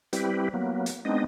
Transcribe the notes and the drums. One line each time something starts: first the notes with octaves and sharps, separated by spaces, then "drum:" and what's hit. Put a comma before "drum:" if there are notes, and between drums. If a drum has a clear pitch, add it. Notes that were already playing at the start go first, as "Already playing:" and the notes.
G3 C4 E4 G4 B4, drum: hi-hat
F#3 A#3 B3
drum: hi-hat
G#3 B3 C4 D4 D#4 D#5